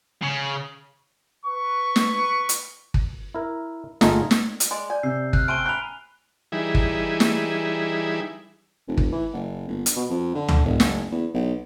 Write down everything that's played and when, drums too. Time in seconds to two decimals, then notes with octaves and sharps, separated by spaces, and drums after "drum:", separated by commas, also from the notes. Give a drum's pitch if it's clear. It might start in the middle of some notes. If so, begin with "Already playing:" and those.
0.22 C#3
1.46 B4 C#6
1.96 drum: snare
2.49 drum: hi-hat
2.94 drum: kick
3.35 E4 A#4
4.01 G1 A3 D#4 F4 G#4 A#5, drum: snare
4.31 drum: snare
4.60 drum: hi-hat
4.71 G#3 D5
4.90 D5 G#5 G6
5.03 C3 E6 G6 C7
5.33 F6 F#6, drum: kick
5.48 A3 C4 C#4 D7 D#7 G7
5.66 G#5 A#5 B5 F#6 F7
6.52 E3 G3 D#4 E4 G#4
6.75 drum: kick
7.20 drum: snare
8.87 F1
8.97 drum: kick
9.12 E3
9.33 F#1
9.68 G1
9.86 drum: hi-hat
9.96 B2
10.09 F2
10.34 D3
10.48 drum: tom C#2
10.65 E1
10.80 F#1, drum: snare
11.11 E2
11.34 B1